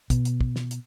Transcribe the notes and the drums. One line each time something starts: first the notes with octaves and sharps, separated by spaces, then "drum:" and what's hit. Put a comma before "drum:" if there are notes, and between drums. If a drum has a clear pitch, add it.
B2, drum: kick, hi-hat
drum: hi-hat
drum: kick
drum: snare
drum: hi-hat